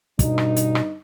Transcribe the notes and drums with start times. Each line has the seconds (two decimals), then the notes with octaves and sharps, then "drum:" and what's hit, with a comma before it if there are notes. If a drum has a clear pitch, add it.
0.19 G1 G2 B2 D#4, drum: kick, hi-hat
0.38 drum: rim click
0.56 drum: hi-hat
0.75 drum: rim click